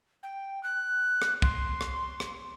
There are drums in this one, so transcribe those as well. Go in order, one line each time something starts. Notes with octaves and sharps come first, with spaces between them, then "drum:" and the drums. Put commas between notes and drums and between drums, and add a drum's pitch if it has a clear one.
G5
F#6
drum: rim click
C6, drum: kick
drum: rim click
drum: rim click